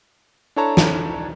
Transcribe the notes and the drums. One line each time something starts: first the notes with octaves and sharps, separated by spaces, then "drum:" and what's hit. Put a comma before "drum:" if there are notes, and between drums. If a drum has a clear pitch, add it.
D4 E4 A4 C#5 A5 A#5
drum: snare